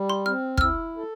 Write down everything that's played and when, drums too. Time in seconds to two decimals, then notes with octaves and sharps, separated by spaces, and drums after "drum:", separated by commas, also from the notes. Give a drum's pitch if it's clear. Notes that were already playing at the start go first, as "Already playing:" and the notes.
Already playing: G3
0.10 C6
0.26 C4 F6
0.58 F6, drum: kick
0.61 E4 E6
0.97 A4